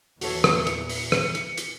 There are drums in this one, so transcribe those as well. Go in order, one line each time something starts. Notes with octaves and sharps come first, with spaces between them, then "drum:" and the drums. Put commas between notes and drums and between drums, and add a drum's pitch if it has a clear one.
E2 A#2 E3 F#4 A4 C#5 C#7, drum: open hi-hat
drum: rim click
drum: hi-hat
drum: open hi-hat
drum: rim click
drum: hi-hat
drum: hi-hat